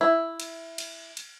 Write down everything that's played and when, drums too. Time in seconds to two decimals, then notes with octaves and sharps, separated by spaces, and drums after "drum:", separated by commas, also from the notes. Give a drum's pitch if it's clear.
0.01 E4
0.40 drum: cymbal
0.78 drum: cymbal
1.17 drum: cymbal